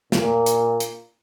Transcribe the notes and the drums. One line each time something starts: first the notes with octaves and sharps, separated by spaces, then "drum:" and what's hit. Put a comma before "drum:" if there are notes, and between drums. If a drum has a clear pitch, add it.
A#2, drum: snare
drum: hi-hat
drum: hi-hat